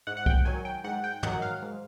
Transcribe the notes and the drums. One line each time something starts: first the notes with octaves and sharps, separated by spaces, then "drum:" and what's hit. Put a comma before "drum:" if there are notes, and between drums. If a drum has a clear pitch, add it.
G#2 F#5
F#5
G5, drum: kick C2
D#3 F#3 G#5
G5
G#2 F#5
G5
D#3 F#3 F#5, drum: tom
F5
G#2